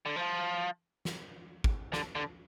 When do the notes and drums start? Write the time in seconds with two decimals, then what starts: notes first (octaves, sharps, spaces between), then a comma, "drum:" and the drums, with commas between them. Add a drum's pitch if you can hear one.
0.06 D3
0.16 F3
1.05 drum: snare
1.64 drum: kick
1.93 D3, drum: snare
2.15 D3